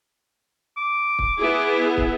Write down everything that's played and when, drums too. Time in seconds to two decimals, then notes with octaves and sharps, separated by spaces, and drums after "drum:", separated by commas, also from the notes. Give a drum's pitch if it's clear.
0.77 D6
1.19 drum: kick
1.38 B3 E4 G#4
1.97 drum: kick